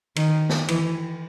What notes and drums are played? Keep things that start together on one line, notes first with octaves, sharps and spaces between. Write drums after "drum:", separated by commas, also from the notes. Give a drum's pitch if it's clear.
D#3, drum: cymbal
drum: snare
E3, drum: cymbal